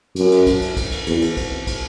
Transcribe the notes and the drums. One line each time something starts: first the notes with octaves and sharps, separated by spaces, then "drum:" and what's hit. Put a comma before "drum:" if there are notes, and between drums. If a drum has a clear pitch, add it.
F#2, drum: cymbal
drum: cymbal
drum: kick, cymbal
drum: cymbal
drum: kick, cymbal
drum: cymbal
E2, drum: cymbal
drum: cymbal
drum: kick, cymbal
drum: kick, cymbal